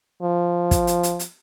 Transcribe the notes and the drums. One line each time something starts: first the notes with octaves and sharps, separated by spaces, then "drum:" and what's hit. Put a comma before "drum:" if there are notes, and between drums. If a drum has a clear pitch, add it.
F3
drum: kick, hi-hat
drum: hi-hat
drum: hi-hat
drum: hi-hat